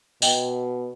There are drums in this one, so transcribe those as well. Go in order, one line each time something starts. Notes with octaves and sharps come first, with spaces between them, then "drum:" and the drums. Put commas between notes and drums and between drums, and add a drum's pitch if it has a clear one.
B2 D#5 G5, drum: tambourine